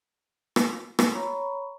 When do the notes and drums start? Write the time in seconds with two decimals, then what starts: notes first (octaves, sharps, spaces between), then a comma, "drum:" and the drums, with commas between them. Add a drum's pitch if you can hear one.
0.56 drum: rim click
0.99 drum: rim click
1.13 C#5 A#5 B5 C#6